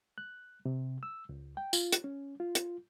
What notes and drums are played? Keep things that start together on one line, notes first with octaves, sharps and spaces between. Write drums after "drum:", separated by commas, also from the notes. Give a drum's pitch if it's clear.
F#6
C3
E6
C#2
G5
F4, drum: tambourine
drum: hi-hat
C#4
F4
drum: hi-hat